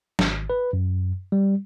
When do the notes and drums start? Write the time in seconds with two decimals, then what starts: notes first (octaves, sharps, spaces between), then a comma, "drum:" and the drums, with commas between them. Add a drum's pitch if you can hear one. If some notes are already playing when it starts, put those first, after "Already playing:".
0.19 G#1, drum: snare
0.50 B4
0.73 F#2
1.32 G3